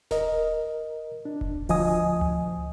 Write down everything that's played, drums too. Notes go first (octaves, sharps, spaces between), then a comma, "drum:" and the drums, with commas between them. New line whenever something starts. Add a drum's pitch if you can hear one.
A#4 D#5, drum: snare D1
D4
drum: kick E1
D2 F3 D#5 G#5 D#6, drum: open hi-hat
drum: tom C#2